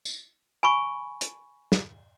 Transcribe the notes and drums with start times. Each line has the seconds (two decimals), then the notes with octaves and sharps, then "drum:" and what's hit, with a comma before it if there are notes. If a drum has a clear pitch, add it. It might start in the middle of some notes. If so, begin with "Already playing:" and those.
0.05 drum: tambourine
0.63 G#5 B5 C#6
1.21 drum: hi-hat
1.72 drum: snare